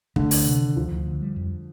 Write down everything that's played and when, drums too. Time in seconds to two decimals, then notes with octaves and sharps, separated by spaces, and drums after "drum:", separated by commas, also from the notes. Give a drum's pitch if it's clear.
0.16 D3 A3, drum: kick
0.31 D2, drum: open hi-hat
0.46 C3
0.62 D#3
0.76 D2 F3
0.91 D2
1.06 D3
1.21 G3
1.36 F2